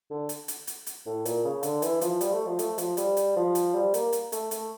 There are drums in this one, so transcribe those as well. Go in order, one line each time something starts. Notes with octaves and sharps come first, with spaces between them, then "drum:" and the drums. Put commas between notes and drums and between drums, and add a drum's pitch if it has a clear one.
D3
drum: hi-hat
drum: hi-hat
drum: hi-hat
drum: hi-hat
A2
A#2, drum: hi-hat
C#3
D3, drum: hi-hat
E3, drum: hi-hat
F3, drum: hi-hat
G3, drum: hi-hat
A3
F3
A3, drum: hi-hat
F3, drum: hi-hat
G3, drum: hi-hat
drum: hi-hat
F3
drum: hi-hat
G3
A#3, drum: hi-hat
drum: hi-hat
A3, drum: hi-hat
A3, drum: hi-hat